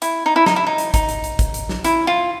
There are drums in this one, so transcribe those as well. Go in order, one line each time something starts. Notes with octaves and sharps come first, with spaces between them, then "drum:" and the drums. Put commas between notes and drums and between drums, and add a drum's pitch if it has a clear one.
E4, drum: hi-hat
D#4
E4
D#4, drum: snare
E4
D#4
drum: hi-hat
D#4, drum: kick, hi-hat
drum: hi-hat
drum: hi-hat
drum: kick, hi-hat
drum: hi-hat
drum: snare
E4, drum: hi-hat
F4